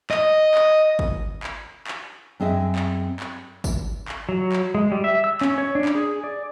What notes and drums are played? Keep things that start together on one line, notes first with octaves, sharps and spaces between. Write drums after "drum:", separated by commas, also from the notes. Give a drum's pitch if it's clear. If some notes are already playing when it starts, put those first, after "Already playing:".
D#5, drum: clap
drum: clap
drum: kick
drum: clap
drum: clap
F#2 C4 G#4 D#5 E5
drum: clap
drum: clap
drum: kick, tambourine
drum: clap
F#3
drum: clap
G#3
G3
E5
E6
C#4, drum: clap
C#5
D4
drum: clap
G#4
D5